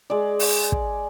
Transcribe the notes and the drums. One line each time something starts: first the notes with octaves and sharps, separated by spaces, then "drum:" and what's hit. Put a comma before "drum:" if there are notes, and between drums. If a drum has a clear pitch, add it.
G#3 D5
drum: open hi-hat
drum: kick